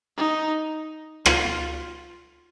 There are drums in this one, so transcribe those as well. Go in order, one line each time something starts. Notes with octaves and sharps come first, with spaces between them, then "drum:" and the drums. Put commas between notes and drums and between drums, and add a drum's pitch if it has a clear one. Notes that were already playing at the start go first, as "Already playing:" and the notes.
D#4
F4, drum: rim click